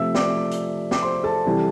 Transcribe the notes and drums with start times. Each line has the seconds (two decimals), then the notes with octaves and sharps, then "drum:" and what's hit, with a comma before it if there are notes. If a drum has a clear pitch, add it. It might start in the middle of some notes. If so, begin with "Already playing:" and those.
Already playing: C3 F3 A3 C4 E5 E6
0.15 D5 D6, drum: snare
0.51 drum: hi-hat
0.91 D6, drum: snare
1.03 C5 C6
1.24 A4 A5
1.46 C3 E3 G3